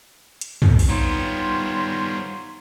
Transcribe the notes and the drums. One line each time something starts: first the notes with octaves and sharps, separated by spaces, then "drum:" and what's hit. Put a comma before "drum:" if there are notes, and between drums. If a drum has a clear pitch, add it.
drum: hi-hat
drum: tom
drum: open hi-hat
G3 B3 D#4 F4 C5 C#5 A#5 C6